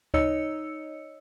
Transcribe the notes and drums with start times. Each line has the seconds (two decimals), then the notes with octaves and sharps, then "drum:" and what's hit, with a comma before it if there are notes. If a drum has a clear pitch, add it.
0.14 D#4 C#5 D#5 E6 C#7, drum: kick C#2